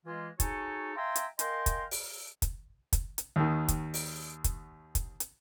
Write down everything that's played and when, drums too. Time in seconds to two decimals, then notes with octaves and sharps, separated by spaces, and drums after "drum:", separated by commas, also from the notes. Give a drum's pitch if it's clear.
0.06 E3 G#3 F4
0.40 D#4 F#4 G#4 A4 C#5 G#5, drum: kick, hi-hat
0.96 E5 F5 G5 G#5 A#5 C6
1.16 drum: hi-hat
1.39 A#4 D#5 F5 G5 G#5 C6, drum: hi-hat
1.66 drum: kick, hi-hat
1.91 drum: open hi-hat
2.42 drum: kick, hi-hat
2.93 drum: kick, hi-hat
3.18 drum: hi-hat
3.36 D#2 D#3
3.68 drum: kick, hi-hat
3.94 drum: open hi-hat
4.44 drum: kick, hi-hat
4.95 drum: kick, hi-hat
5.20 drum: hi-hat